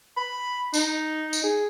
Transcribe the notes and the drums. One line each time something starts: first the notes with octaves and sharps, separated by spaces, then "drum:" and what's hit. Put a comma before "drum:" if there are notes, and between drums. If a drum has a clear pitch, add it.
B5
D#4, drum: tambourine
drum: tambourine
G#4